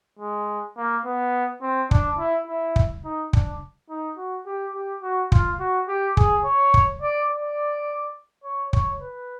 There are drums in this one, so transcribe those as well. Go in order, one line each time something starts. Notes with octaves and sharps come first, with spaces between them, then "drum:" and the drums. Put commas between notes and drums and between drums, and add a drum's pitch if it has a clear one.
G#3
A#3
B3
C4
D4, drum: kick
E4
E4
drum: kick
D#4
D4, drum: kick
D#4
F#4
G4
G4
F#4
F4, drum: kick
F#4
G4
G#4, drum: kick
C#5
drum: kick
D5
D5
C#5
C#5, drum: kick
B4